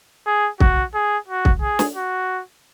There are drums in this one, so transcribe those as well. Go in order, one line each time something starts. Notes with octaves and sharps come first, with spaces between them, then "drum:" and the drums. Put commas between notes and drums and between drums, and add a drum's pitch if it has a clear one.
G#4
F#4, drum: kick
G#4
F#4
drum: kick
G#4
drum: snare
F#4